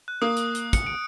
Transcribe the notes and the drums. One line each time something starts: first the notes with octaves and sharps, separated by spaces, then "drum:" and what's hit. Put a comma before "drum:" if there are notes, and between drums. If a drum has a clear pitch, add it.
F#6
A#3 D#6
drum: hi-hat
drum: hi-hat
C#7, drum: kick, hi-hat
D7